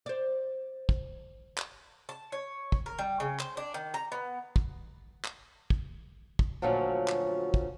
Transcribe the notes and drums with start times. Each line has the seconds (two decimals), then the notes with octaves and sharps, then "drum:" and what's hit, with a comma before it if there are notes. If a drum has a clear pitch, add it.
0.06 C5 D5
0.89 drum: kick
1.58 drum: clap
2.09 A5
2.32 C#5
2.72 drum: kick
2.86 A#4
2.99 G3
3.20 C#3
3.39 C5, drum: clap
3.57 D4
3.74 D#3
3.94 A#5
4.12 B3
4.56 drum: kick
5.25 drum: clap
5.70 drum: kick
6.39 drum: kick
6.62 D2 A#2 F3 F#3 C#4
7.08 drum: clap
7.54 drum: kick